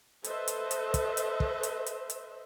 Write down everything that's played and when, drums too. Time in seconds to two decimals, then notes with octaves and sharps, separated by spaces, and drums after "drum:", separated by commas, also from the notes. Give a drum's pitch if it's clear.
0.24 A4 B4 C5 D#5 E5, drum: hi-hat
0.48 drum: hi-hat
0.71 drum: hi-hat
0.94 drum: kick, hi-hat
1.17 drum: hi-hat
1.40 drum: kick
1.63 drum: hi-hat
1.86 drum: hi-hat
2.10 drum: hi-hat